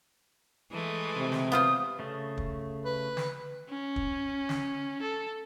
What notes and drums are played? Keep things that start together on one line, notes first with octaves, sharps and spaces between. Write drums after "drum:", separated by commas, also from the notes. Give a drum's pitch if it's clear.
E3 G#3 A3
C3
drum: snare
B3 F4 C5 D#6
C#3 A3
drum: kick
B4
drum: snare
C#4
drum: kick
drum: snare
A4